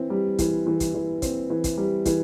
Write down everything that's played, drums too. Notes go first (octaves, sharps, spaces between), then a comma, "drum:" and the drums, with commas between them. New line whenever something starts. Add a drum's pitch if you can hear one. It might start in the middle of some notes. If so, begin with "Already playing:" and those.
Already playing: E3 C4
G3
E3, drum: kick, hi-hat
E3
drum: kick, hi-hat
E3
C4, drum: kick, hi-hat
E3
drum: kick, hi-hat
G3
E3, drum: kick, hi-hat